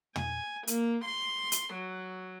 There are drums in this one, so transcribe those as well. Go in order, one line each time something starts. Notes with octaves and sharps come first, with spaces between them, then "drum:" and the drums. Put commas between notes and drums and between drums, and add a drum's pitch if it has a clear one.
G#5, drum: tom
A#3, drum: hi-hat
C6
drum: hi-hat
F#3